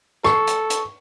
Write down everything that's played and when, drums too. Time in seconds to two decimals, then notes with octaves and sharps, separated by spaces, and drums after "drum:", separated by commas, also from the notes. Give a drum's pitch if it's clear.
0.24 A4 C#6, drum: rim click
0.47 drum: hi-hat
0.70 drum: hi-hat